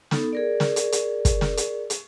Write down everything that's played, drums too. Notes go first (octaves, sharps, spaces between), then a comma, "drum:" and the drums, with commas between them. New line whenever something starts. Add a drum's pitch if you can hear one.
B3 D#4 A4, drum: snare
G#4 A#4 D5
drum: snare
drum: hi-hat
drum: hi-hat
drum: kick, hi-hat
drum: snare
drum: hi-hat
drum: hi-hat